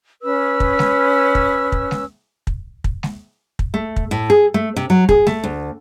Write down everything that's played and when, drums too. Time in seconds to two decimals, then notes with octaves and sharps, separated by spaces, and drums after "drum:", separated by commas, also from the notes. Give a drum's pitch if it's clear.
0.22 C#4 B4 E6
0.60 drum: kick
0.79 drum: snare G#3
1.35 drum: kick
1.72 drum: kick
1.91 drum: snare G#3
2.47 drum: kick
2.84 drum: kick
3.03 drum: snare G#3
3.59 drum: kick
3.74 A3
3.96 drum: kick
4.11 A2
4.30 G#4
4.54 A3
4.76 C3
4.90 F#3
5.09 G#4, drum: kick
5.27 A3, drum: snare G#3
5.44 D2